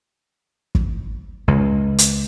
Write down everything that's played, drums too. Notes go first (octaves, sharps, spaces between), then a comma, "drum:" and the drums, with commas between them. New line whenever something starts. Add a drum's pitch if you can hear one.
drum: kick
C#2
drum: hi-hat